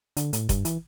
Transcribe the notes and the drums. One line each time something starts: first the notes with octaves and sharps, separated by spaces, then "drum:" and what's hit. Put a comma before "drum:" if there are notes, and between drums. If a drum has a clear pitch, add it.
D3, drum: hi-hat
A2, drum: hi-hat
G2, drum: kick F1, hi-hat
E3, drum: hi-hat